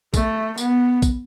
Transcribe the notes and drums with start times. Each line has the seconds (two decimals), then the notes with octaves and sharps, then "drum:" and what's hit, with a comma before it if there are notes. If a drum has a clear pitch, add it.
0.14 A3, drum: kick, tambourine
0.58 B3, drum: tambourine
1.02 drum: kick, tambourine